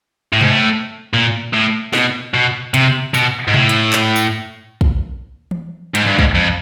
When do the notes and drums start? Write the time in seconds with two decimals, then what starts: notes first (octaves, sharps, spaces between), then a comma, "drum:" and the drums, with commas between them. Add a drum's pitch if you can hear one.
0.33 A2
0.41 G#2, drum: tom B2
0.49 A2
1.13 A#2
1.54 A2
1.93 B2, drum: snare
2.34 B2
2.74 C3, drum: hi-hat
3.14 B2, drum: tambourine
3.47 G#2
3.54 A2, drum: tom B2
3.69 drum: hi-hat
3.93 drum: clap
4.16 drum: tambourine
4.81 drum: kick
5.51 drum: tom E3
5.95 G#2, drum: hi-hat
6.07 G2
6.19 G#2, drum: kick
6.35 F2